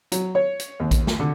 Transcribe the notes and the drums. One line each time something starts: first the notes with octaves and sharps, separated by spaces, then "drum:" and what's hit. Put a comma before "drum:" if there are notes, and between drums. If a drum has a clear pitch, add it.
F#3, drum: hi-hat
C#5
drum: hi-hat
D#2
drum: kick A#1, hi-hat
drum: snare
D3